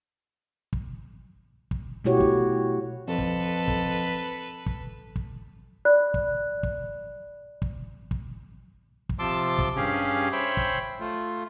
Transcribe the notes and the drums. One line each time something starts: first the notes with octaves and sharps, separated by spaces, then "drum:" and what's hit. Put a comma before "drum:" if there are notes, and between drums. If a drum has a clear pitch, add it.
drum: kick
drum: kick
B2 A3 E4 F#4 G4 C#5
drum: kick
F2 A4 B4
drum: kick
drum: kick
drum: kick
drum: kick
D5 B5 F#6
drum: kick
drum: kick
drum: kick
drum: kick
drum: kick
C3 F3 A5 C6 D6 E6
drum: kick
G2 C#4 G4 G#4 F5
C5 C#5 E5 G5 B5
drum: kick
A3 F4